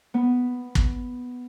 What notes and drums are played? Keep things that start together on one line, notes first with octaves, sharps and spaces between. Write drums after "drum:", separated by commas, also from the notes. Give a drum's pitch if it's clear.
B3
drum: kick